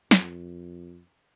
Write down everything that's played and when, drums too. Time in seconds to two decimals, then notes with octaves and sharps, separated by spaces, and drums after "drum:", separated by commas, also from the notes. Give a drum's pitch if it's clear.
0.11 F2, drum: snare